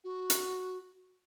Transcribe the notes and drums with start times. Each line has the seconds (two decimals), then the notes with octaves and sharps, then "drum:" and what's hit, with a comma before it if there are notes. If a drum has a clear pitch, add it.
0.04 F#4
0.30 drum: hi-hat